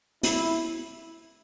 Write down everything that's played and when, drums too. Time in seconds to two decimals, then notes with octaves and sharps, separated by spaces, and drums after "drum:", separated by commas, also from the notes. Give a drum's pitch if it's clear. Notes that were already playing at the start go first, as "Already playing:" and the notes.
0.23 E4, drum: hi-hat